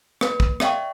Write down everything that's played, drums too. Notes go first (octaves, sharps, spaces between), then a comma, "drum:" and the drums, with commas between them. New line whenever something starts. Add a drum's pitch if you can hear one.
A#3 B4, drum: rim click
drum: kick
D5 E5 F5 G5 C#6, drum: rim click